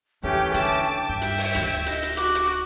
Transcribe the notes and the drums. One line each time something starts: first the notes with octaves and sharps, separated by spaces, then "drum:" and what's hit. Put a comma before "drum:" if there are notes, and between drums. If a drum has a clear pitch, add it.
E2 E3 A3 C#4 G4 G5
D3 A5 D6, drum: hi-hat
G2 E5 G6
drum: hi-hat
drum: open hi-hat
D1 D2, drum: hi-hat
D#5, drum: hi-hat
drum: hi-hat
F#4 D6, drum: hi-hat
drum: hi-hat